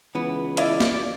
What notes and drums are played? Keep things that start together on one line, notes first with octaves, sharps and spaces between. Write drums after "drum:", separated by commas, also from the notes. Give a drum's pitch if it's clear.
C#2 E3 B3
E4 D5 D#5 F5, drum: hi-hat
drum: snare